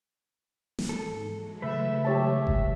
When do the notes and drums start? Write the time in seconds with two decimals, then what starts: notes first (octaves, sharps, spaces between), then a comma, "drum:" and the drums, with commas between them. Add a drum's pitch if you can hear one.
0.79 drum: snare
0.89 G#2 A4
1.26 E3 F#3 G#3
1.62 C#3 A3 B4 E5
2.05 G4 C#5 A5
2.47 drum: kick F#1